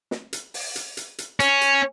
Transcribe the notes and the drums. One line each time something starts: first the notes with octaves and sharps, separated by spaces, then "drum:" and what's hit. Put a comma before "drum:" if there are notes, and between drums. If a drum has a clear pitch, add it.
drum: snare
drum: hi-hat
drum: open hi-hat
drum: hi-hat
drum: hi-hat
drum: hi-hat
C#4, drum: hi-hat
drum: hi-hat